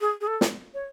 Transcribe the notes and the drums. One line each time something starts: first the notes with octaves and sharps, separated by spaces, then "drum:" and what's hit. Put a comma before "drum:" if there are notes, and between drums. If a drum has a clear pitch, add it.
G#4
G#4
A4
drum: snare
C#5